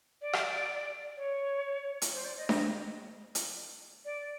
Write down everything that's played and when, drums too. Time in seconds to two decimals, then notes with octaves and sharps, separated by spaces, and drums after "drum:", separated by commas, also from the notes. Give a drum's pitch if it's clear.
0.22 D5
0.33 drum: rim click
1.17 C#5
2.02 drum: hi-hat
2.14 C5
2.25 D5
2.37 D#5
2.49 D#5, drum: snare D4
3.35 drum: hi-hat
4.05 D5